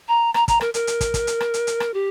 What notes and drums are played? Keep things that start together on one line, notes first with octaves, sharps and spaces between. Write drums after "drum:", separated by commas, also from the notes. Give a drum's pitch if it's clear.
A#5
A#5, drum: rim click
A#5, drum: kick, hi-hat
A#4, drum: rim click
A#4, drum: hi-hat
drum: hi-hat
drum: kick, hi-hat
drum: kick, hi-hat
drum: hi-hat
drum: rim click
drum: hi-hat
drum: hi-hat
drum: rim click
G4